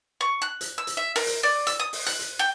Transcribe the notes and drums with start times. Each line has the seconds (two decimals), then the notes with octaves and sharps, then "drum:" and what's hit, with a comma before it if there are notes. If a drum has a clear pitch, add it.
0.21 C#6
0.42 F#6
0.61 drum: hi-hat
0.78 E6
0.87 drum: hi-hat
0.97 E5
1.16 A#4, drum: open hi-hat
1.27 drum: hi-hat
1.43 D5
1.67 E6, drum: hi-hat
1.80 D#6
1.93 drum: open hi-hat
2.07 F#6, drum: hi-hat
2.19 drum: hi-hat
2.39 G5